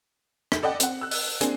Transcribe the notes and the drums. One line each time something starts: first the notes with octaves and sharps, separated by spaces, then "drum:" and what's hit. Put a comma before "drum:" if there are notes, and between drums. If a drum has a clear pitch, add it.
drum: rim click
A4 D5 D#5 F#5 G5
C4 F#5, drum: hi-hat
E6 F#6
drum: open hi-hat
A#3 C4 D4 G#4, drum: hi-hat